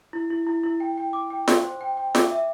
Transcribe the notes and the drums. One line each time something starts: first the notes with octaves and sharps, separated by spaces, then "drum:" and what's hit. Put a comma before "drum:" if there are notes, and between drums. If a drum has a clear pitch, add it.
E4
E4
E4
E4
G5
G5
D6
G5
C6, drum: snare
C5
G5
G5
D6, drum: snare
E5